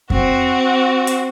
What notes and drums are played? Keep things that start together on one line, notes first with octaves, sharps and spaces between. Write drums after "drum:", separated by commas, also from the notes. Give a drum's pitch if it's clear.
C4 F#4, drum: kick F2
drum: hi-hat